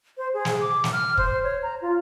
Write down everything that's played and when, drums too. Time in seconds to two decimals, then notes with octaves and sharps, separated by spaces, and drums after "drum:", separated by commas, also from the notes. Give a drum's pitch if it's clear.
0.18 C5
0.34 G#4
0.45 drum: snare
0.61 D6
0.84 drum: snare
0.93 F6
1.17 C5, drum: kick
1.43 C#5
1.63 A#5
1.82 F4